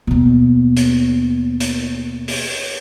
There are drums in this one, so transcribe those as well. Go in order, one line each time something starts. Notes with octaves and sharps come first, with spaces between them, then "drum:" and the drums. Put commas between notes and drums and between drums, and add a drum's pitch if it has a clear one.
D#2 B2
drum: hi-hat
drum: hi-hat
drum: open hi-hat